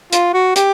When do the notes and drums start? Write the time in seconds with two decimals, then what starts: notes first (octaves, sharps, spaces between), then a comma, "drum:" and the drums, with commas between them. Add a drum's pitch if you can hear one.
0.13 F4, drum: hi-hat
0.34 F#4
0.56 G4, drum: hi-hat